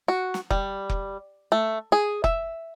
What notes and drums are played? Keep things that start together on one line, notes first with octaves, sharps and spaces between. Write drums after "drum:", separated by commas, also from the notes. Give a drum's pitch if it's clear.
F#4
drum: snare
G3, drum: kick F1
drum: kick F1
A3
G#4
E5, drum: kick F1